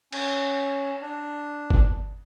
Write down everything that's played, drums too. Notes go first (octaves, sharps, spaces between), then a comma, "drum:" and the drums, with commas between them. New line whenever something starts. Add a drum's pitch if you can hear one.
C#4, drum: cymbal
D4
drum: kick G1